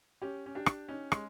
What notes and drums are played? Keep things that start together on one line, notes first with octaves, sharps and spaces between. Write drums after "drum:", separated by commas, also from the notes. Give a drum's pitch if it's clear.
C#4 G4
C#4
D4 G4
drum: rim click
C#4 D#4
G#3, drum: rim click